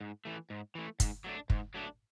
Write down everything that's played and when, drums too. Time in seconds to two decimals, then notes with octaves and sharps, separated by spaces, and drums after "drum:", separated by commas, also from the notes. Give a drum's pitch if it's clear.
0.01 G#2
0.25 E3 A3
0.50 G#2
0.75 E3 A3
1.00 G#2, drum: kick, hi-hat
1.24 F#3 A3 D4
1.50 G#2, drum: kick
1.74 F#3 A3 D4